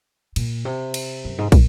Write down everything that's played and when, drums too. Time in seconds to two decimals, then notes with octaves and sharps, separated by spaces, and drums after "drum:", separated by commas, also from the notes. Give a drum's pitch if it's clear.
0.36 A#2, drum: cymbal
0.65 C3
0.94 drum: cymbal
1.25 F#2
1.38 G#2
1.52 A#2, drum: kick, cymbal